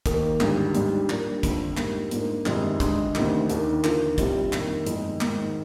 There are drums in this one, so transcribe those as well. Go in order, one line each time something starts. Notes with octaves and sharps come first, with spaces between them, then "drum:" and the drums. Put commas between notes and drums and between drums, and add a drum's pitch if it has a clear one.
D#2 D#3 A#3, drum: kick, hi-hat
G#1 G2 D3 G3, drum: clap
G#2 G3 D4, drum: hi-hat
A#2 G3 A#3 D4, drum: clap
F2 D3 F3, drum: kick, hi-hat
G#2 G3 A#3, drum: clap
G#2 F3 A#3 D4, drum: hi-hat
G1 F2 C3 D#3 G#3, drum: clap
G2 D3 G#3, drum: kick, hi-hat
D2 C3 D#3, drum: clap
D#2 D#3 A#3 D4, drum: hi-hat
D#2 D3 F3 A#3, drum: clap
C2 C3 G3 D4, drum: kick, hi-hat
F2 C3 D#3 A#3, drum: clap
G1 F2 D#3 G#3, drum: hi-hat
G#1 G#2 D#3, drum: clap